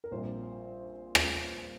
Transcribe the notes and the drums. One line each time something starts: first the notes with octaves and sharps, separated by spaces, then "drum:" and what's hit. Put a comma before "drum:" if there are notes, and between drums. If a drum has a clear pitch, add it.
A#4
A#1 A#2 G3 C4 C5
drum: rim click